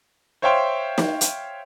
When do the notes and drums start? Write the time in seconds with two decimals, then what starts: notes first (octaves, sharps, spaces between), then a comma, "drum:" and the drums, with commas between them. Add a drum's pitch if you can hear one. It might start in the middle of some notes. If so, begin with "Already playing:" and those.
0.42 C5 C#5 E5 F5 G5 C6
0.98 drum: snare
1.21 drum: hi-hat